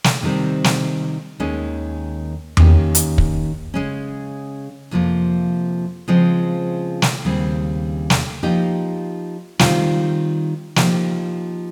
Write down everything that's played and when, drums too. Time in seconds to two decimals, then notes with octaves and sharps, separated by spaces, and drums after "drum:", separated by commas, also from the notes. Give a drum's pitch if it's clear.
0.04 drum: snare
0.23 C3 D#3 G3 C4
0.64 drum: snare
1.40 D#2 D#3 G#3 C#4
2.57 D#3 A#3 C#4 G4, drum: tom E2
2.95 drum: hi-hat
3.18 drum: kick
3.74 C#3 G#3 C#4
4.91 F2 C3 F3 A#3
6.08 C#3 F3 G#3 C4
7.02 drum: snare
7.25 D#2 C#3 G3 C4
8.10 drum: snare
8.43 F3 A#3 D#4 G4
9.59 D#3 G3 C4 F4, drum: snare
10.76 F3 A#3 D#4 G4, drum: snare